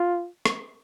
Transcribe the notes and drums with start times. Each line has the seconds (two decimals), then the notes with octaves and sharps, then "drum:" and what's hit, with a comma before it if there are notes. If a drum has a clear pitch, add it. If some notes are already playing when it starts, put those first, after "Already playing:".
Already playing: F4
0.46 drum: rim click